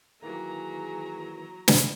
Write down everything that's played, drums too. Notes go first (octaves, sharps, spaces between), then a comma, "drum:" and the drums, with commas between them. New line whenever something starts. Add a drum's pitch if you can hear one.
D#3 E3 F#3 A#3 G#4 A#5
drum: snare